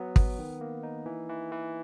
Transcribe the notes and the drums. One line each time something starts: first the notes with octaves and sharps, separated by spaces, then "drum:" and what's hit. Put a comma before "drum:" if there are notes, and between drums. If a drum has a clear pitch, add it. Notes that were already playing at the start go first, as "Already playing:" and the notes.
Already playing: F#3 B3
B3, drum: kick
D#3
A#3
D#4
E3
E3
E3